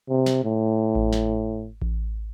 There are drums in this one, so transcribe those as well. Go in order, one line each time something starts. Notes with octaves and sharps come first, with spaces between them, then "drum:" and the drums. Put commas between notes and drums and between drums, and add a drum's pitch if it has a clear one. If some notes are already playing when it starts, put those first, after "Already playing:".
C3
drum: snare
A2
drum: kick A1
drum: snare
drum: kick A1